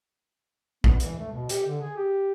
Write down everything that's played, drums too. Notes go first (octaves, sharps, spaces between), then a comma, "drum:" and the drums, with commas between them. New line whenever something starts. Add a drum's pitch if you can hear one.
B3, drum: kick
E3, drum: hi-hat
A3
B2
G4, drum: hi-hat
D3
G#4
G4